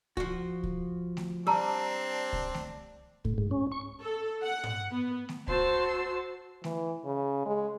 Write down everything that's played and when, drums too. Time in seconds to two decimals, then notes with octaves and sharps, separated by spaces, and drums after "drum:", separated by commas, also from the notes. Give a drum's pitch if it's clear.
0.17 F3 F#4, drum: kick C2
0.63 drum: kick C2
1.17 drum: snare A3
1.47 G3 C4 D4 A5 A#5 E6
2.33 drum: kick C2
2.54 drum: snare A3
3.25 A2, drum: kick C2
3.38 G#2
3.51 C#4
3.72 C#6
4.03 A4
4.43 F#5
4.64 drum: tom G#2
4.92 B3
5.29 drum: snare A3
5.48 F#4 C5 A5 C6 E6, drum: kick C2
6.64 E3, drum: snare A3
7.05 C#3
7.45 G#3